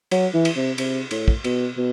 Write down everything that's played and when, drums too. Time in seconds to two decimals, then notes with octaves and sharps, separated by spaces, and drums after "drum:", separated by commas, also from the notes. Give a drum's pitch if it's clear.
0.11 F#3, drum: cymbal
0.34 E3
0.45 drum: cymbal
0.56 C3
0.78 C3, drum: cymbal
1.11 A2, drum: cymbal
1.28 drum: kick
1.44 B2, drum: cymbal
1.77 B2